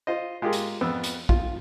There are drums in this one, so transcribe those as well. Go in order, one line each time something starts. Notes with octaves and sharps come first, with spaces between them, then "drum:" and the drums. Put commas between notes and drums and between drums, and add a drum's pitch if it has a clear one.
F4 C5 D#5
G#3 F4 G4 G#4 A#4
drum: hi-hat
F2 B3 E6
drum: hi-hat
F4, drum: kick A#1